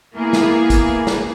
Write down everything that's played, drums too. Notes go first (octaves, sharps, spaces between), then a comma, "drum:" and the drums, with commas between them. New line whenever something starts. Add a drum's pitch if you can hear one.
A#3 B3 E4 G#4 A#4
drum: snare
drum: kick, hi-hat
drum: snare